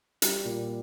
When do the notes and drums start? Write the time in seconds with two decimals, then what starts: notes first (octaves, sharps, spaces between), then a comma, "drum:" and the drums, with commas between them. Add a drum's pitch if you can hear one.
0.22 G3, drum: hi-hat
0.45 A#2